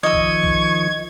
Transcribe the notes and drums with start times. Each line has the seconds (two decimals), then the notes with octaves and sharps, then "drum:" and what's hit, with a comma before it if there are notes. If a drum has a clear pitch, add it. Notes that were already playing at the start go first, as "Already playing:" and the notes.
0.03 D#3 F3 D#5 C#6 E6 G#6
0.13 drum: kick B1
0.44 drum: kick B1